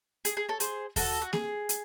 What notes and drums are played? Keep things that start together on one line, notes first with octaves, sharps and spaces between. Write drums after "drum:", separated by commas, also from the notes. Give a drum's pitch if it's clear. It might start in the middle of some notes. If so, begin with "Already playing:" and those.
G#4, drum: hi-hat
G#4
A4 C#5
G#4 C5, drum: hi-hat
F#4 A4, drum: kick D#2, open hi-hat
F#4
G#4, drum: snare A#3
drum: hi-hat